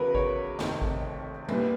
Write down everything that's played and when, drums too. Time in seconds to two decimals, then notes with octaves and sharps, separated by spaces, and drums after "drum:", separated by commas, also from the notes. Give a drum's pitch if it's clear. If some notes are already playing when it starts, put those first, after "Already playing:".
Already playing: E2 C#3 F#3 B3 A#4 B4
0.15 C#5, drum: kick G#1
0.59 F1 F2 C3 D#3, drum: snare
0.82 drum: kick G#1
1.49 C2 A#2 G3 B3, drum: tom G3